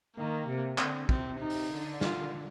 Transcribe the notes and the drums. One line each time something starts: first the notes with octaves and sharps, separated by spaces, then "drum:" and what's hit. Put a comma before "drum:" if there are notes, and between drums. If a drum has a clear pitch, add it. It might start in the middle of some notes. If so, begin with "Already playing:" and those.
D#3 A#3
C3
D3 C4, drum: clap
C3 C4, drum: kick
D#4
drum: open hi-hat
D3
F4, drum: snare